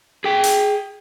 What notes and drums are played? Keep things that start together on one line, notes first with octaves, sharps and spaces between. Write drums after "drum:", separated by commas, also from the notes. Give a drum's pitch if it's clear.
G#4 G5
drum: hi-hat